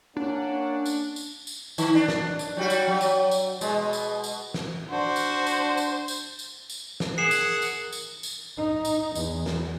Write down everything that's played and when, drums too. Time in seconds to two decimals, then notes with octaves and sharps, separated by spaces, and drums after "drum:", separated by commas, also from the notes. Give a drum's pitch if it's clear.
0.17 A#3 C#4 D4 F#5
0.86 drum: tambourine
1.16 drum: tambourine
1.47 drum: tambourine
1.78 D#3, drum: tambourine
1.95 D4
2.08 drum: snare
2.39 drum: tambourine
2.57 F#3 G3 F#4
2.70 drum: tambourine
2.88 F#3
3.01 drum: tambourine
3.31 drum: tambourine
3.61 B2 G#3, drum: tambourine
3.93 drum: tambourine
4.24 drum: tambourine
4.54 drum: snare
4.90 D4 F#4 C5
5.16 drum: tambourine
5.47 drum: tambourine
5.77 drum: tambourine
6.08 drum: tambourine
6.39 drum: tambourine
6.70 drum: tambourine
7.00 drum: snare
7.18 G#4 A#4 F#5 C7 E7
7.31 drum: tambourine
7.62 drum: tambourine
7.92 drum: tambourine
8.23 drum: tambourine
8.57 D#4
8.85 drum: tambourine
9.15 E2, drum: tambourine
9.46 drum: snare